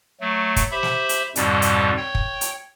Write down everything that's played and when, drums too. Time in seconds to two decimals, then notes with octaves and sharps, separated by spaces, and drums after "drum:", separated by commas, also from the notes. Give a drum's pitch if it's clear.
0.21 F#3 A3
0.56 drum: kick, hi-hat
0.71 G4 C5 E5 B5
0.83 drum: snare
1.09 drum: hi-hat
1.36 F2 G#2 B2 D3 G3, drum: hi-hat
1.62 drum: hi-hat
1.97 C#5 G5
2.15 drum: kick
2.41 drum: hi-hat